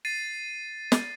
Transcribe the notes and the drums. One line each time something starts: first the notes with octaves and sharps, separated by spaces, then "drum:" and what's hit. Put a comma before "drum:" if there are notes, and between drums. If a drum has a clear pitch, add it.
A6 C7 D#7
drum: snare